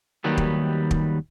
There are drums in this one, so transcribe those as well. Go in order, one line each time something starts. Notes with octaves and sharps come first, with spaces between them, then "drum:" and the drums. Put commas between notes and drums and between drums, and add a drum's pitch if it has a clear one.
D#2 D#3 F#3 G3 B3
drum: kick
drum: kick